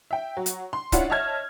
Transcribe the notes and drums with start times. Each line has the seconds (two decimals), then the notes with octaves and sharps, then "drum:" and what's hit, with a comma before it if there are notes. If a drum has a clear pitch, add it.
0.11 E5 G5
0.37 F#3
0.46 drum: hi-hat
0.73 C6
0.92 C#4 D4 E4 F4 F#5, drum: kick, hi-hat
1.10 C#5 D#5 E5 A5 F6 G#6